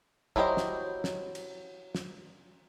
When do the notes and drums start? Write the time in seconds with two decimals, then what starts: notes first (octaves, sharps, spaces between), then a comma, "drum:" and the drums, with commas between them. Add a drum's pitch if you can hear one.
0.36 F#3 E4 G4 C5 D#5, drum: kick
0.57 drum: snare
1.04 drum: snare
1.35 drum: cymbal
1.95 drum: snare